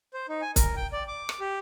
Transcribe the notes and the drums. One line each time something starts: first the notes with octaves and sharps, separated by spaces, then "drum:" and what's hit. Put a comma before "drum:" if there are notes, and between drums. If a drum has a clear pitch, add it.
C5
D#4
G#5
A#4, drum: kick, hi-hat
G5
D5
D6
drum: rim click
G4